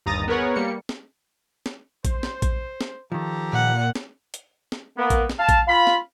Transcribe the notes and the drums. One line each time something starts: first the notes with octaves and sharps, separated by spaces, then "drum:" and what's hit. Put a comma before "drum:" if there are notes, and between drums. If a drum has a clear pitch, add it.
G1 D#2 A#5 D#6 A6 A#6
B3 G#4 A#4 B4 C#5 F#5
G3 A#3 C#7
drum: snare
drum: snare
C5, drum: kick A#1, hi-hat
drum: snare
drum: kick A#1, hi-hat
drum: snare
D#3 F3 G4 A4 A#5
A#2 F#5
drum: snare
drum: hi-hat
drum: snare
A#3 B3
drum: kick A#1, hi-hat
drum: snare
F5 A5
drum: kick A#1, hi-hat
F4 F5 B5
drum: snare